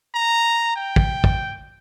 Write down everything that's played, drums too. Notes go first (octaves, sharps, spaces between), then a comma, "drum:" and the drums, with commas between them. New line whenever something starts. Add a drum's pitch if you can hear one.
A#5
G5
drum: kick
drum: kick